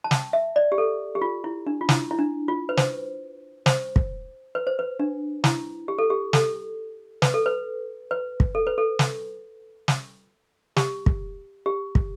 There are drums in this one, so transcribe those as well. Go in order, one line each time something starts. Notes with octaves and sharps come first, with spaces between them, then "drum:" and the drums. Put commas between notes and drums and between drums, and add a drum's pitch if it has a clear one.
A5
G5, drum: snare
E5
D5
G4
A4
G4
F4
E4
D4
F4
E4, drum: snare
E4
D4
F4
B4
C5, drum: snare
C5, drum: snare
drum: kick
B4
C5
B4
D4
E4, drum: snare
G4
A4
G4
A4, drum: snare
B4, drum: snare
A4
B4
B4
drum: kick
A4
B4
A4
drum: snare
drum: snare
G4, drum: snare
drum: kick
G4
drum: kick